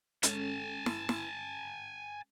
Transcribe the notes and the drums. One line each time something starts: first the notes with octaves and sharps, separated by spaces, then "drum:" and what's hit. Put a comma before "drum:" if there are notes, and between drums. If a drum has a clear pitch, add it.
G#3 C#4 A4 G#5 A5, drum: hi-hat
drum: snare
drum: snare